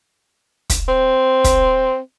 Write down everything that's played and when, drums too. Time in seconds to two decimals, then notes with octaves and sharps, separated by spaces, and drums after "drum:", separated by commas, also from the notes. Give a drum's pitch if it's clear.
0.70 drum: kick, hi-hat
0.88 C4
1.44 drum: kick, hi-hat